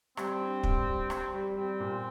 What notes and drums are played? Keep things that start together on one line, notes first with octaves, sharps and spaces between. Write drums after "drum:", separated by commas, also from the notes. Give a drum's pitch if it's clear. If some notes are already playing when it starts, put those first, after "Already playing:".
G3 C4, drum: rim click
D4
G3, drum: kick
G3
G3, drum: rim click
G3
G3 C4
A#2